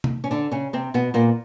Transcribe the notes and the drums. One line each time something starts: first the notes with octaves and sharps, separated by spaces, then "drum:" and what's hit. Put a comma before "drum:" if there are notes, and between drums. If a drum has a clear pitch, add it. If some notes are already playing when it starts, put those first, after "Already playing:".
drum: tom
C#4
D3 D4
C#3 C#4
C3 C4
B2 B3
A#2 A#3